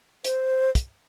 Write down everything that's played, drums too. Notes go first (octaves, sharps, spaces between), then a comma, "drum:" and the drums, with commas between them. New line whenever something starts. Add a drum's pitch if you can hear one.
C5, drum: hi-hat
drum: kick, hi-hat